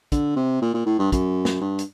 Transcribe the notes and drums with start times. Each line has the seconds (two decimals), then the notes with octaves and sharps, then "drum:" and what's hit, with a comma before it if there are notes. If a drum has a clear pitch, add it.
0.12 D3, drum: kick, hi-hat
0.36 C3
0.62 A#2
0.74 A#2
0.86 A2
0.99 G2
1.12 F#2, drum: kick, hi-hat
1.45 drum: snare
1.61 G2
1.79 drum: hi-hat